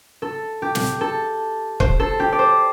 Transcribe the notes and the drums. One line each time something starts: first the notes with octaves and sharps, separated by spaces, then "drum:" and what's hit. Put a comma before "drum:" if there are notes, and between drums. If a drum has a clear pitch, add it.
A4
G4
drum: snare
A4
C5, drum: kick
A4
G4
D5
C5